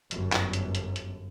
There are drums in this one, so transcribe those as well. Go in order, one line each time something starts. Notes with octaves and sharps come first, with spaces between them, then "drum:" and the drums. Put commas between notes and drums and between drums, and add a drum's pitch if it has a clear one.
G1 F#2, drum: hi-hat
drum: clap
drum: hi-hat
drum: hi-hat
drum: hi-hat